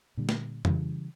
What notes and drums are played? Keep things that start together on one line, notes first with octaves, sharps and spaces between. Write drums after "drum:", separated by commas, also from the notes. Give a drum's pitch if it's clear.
A#2 D3 G3
drum: snare
C#3 E3 G3, drum: tom F2